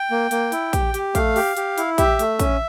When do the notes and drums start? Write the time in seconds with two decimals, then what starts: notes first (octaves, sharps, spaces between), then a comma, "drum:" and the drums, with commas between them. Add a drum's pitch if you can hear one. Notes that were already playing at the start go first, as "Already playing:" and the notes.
Already playing: G5
0.11 A#3
0.31 A#3, drum: hi-hat
0.52 E4, drum: hi-hat
0.73 G4, drum: kick, hi-hat
0.94 G4, drum: hi-hat
1.15 A3 F5, drum: kick, hi-hat
1.36 G4, drum: open hi-hat
1.57 G4, drum: hi-hat
1.78 E4, drum: hi-hat
1.98 G4 E5, drum: kick, hi-hat
2.19 A3, drum: hi-hat
2.39 C#4, drum: kick, hi-hat